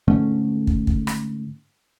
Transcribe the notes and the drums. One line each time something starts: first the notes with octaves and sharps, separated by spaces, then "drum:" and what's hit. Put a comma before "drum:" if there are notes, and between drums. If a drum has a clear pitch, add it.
G#2 D3 A3 C#4
drum: kick
drum: kick
drum: rim click